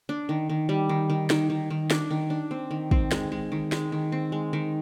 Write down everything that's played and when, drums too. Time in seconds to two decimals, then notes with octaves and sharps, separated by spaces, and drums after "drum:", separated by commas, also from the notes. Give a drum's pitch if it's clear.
0.09 D4
0.29 D#3
0.49 D#3
0.69 G3
0.89 D#3
1.10 D#3
1.30 D#3, drum: snare
1.50 D#3
1.70 D#3
1.90 D4, drum: snare
2.11 D#3
2.30 D4
2.51 C4
2.71 D#3
2.91 C4, drum: kick
3.11 G#3, drum: snare
3.32 G#3
3.52 D#3
3.72 G#3, drum: snare
3.92 D#3
4.12 C4
4.32 G#3
4.53 D#3